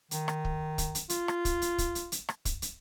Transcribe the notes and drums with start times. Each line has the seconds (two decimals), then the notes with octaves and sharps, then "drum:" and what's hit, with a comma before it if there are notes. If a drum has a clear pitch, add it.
0.11 D#3, drum: hi-hat
0.28 drum: rim click
0.45 drum: kick
0.78 drum: kick, hi-hat
0.95 drum: hi-hat
1.09 F4, drum: hi-hat
1.28 drum: rim click
1.45 drum: kick, hi-hat
1.62 drum: hi-hat
1.78 drum: kick, hi-hat
1.95 drum: hi-hat
2.12 drum: hi-hat
2.29 drum: rim click
2.45 drum: kick, hi-hat
2.62 drum: hi-hat